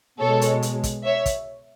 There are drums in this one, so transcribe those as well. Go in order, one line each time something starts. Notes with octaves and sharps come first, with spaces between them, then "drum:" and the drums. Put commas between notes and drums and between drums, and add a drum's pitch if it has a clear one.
B2 G#3 A4 C#5
drum: hi-hat
drum: hi-hat
drum: kick, hi-hat
C#5 E5
drum: kick, hi-hat